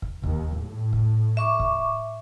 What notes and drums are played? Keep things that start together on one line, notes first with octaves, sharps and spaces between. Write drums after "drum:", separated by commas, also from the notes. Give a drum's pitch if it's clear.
drum: kick
D#2, drum: kick
A2
drum: kick
E5 C#6 D6
drum: kick